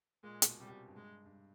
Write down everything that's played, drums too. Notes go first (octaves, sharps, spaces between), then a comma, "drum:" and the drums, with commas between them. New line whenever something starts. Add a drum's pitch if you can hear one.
A#2 G#3
B2, drum: hi-hat
C3 G3
B2
G2
G#3
G2